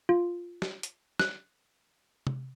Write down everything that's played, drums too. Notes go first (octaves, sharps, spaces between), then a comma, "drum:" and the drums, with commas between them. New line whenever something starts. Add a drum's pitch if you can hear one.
F4
drum: snare
drum: hi-hat
F#6, drum: snare
drum: tom C3